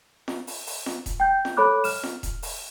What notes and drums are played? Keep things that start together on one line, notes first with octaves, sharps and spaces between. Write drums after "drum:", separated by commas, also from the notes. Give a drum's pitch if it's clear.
drum: snare
drum: open hi-hat
drum: open hi-hat
drum: snare
drum: kick E1, hi-hat
G5 G6
drum: snare
A4 C#5 B5 D6 F#6
F6 E7, drum: open hi-hat
drum: snare
drum: kick E1, hi-hat
drum: open hi-hat